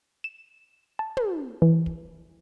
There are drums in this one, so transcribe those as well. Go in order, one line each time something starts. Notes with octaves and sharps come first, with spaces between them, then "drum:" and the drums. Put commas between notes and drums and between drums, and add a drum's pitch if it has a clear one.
E7
A5
drum: tom
E3
drum: kick